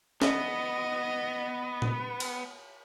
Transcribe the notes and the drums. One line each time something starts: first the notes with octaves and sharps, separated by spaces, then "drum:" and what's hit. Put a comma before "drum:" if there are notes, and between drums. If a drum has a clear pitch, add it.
B3 D#5, drum: snare
drum: tom A#2
drum: cymbal